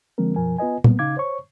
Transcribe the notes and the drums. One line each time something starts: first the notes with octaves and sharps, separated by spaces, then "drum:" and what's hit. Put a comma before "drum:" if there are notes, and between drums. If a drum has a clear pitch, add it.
D3 F3 G#3 A#3 C4 A#4
F#2 B2 F3 A#4 G#5
B3 F4 B4 D#5 G#5
A#3 B3, drum: tom
C#3 D#4 F5 D6 G#6
C5 C#5 C#6